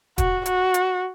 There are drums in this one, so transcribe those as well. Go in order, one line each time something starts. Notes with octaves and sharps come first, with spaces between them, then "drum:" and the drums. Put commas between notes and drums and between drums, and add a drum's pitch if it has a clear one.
F#4, drum: kick, hi-hat
F#4, drum: hi-hat
drum: hi-hat